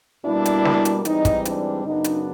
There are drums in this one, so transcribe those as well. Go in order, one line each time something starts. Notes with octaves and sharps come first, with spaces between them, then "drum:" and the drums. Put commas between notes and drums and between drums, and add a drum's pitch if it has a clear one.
B2 G3 A#3 D4 E4
drum: hi-hat
drum: snare
drum: hi-hat
G#2 E3 G3 C4 D#4, drum: hi-hat
drum: kick, hi-hat
D4, drum: hi-hat
F#2 C#3 F#3 B3 D4 D#4
drum: hi-hat